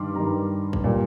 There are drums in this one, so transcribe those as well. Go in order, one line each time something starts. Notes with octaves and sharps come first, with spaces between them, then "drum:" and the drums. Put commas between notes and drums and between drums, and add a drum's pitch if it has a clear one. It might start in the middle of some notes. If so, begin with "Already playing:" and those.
Already playing: G2 D#3 G3 C6 D6
G2 D#3 G3 A#5
drum: kick A#1
A#2 G3